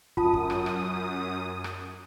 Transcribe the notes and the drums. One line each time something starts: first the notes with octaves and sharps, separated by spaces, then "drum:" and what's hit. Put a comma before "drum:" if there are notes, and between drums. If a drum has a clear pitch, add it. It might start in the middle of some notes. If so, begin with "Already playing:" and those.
F#2 F4 A5 D#6, drum: kick
drum: kick
drum: rim click
drum: rim click
drum: rim click